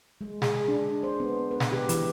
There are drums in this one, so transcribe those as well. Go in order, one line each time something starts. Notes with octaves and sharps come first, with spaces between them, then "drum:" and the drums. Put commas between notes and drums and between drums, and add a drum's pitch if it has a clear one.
G#3
G#4, drum: snare
D4
C5
B3
B4
drum: snare
G4
E3, drum: hi-hat